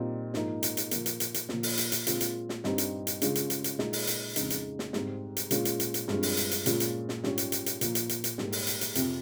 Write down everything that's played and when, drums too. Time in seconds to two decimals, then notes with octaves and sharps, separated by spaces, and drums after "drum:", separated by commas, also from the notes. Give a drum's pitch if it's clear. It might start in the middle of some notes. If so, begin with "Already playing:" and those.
Already playing: A#2 G3 C4 D#4
0.34 G#2 F3 A#3 D#4, drum: snare
0.63 drum: hi-hat
0.77 drum: hi-hat
0.91 A#2 F3 A#3, drum: hi-hat
1.06 drum: hi-hat
1.20 drum: hi-hat
1.34 drum: hi-hat
1.49 A#2 F3 A#3, drum: snare
1.63 drum: open hi-hat
1.77 drum: hi-hat
1.92 drum: hi-hat
2.07 A#2 G#3 C4 F4, drum: hi-hat
2.21 drum: hi-hat
2.49 drum: snare
2.64 G2 G3 C4 D#4, drum: snare
2.78 drum: hi-hat
3.07 drum: hi-hat
3.22 C#3 G#3 C#4 F4, drum: hi-hat
3.35 drum: hi-hat
3.50 drum: hi-hat
3.64 drum: hi-hat
3.79 A#2 G#3 D#4, drum: snare
3.93 drum: open hi-hat
4.07 drum: hi-hat
4.36 F2 C#3 G#3 D#4, drum: hi-hat
4.50 drum: hi-hat
4.79 drum: snare
4.93 G#2 G3 C4, drum: snare
5.37 drum: hi-hat
5.51 A#2 G#3 C#4 F4, drum: hi-hat
5.65 drum: hi-hat
5.80 drum: hi-hat
5.94 drum: hi-hat
6.08 G2 F3 G#3 C4, drum: snare
6.23 drum: open hi-hat
6.37 drum: hi-hat
6.51 drum: hi-hat
6.66 A#2 G#3 C#4 F4, drum: hi-hat
6.80 drum: hi-hat
7.09 drum: snare
7.24 G#2 G3 C#4 F4, drum: snare
7.38 drum: hi-hat
7.52 drum: hi-hat
7.66 drum: hi-hat
7.81 A#2 F3 A#3, drum: hi-hat
7.95 drum: hi-hat
8.09 drum: hi-hat
8.24 drum: hi-hat
8.38 G#2 G3 A#3, drum: snare
8.52 drum: open hi-hat
8.67 drum: hi-hat
8.81 drum: hi-hat
8.95 F2 C3 F3 C4, drum: hi-hat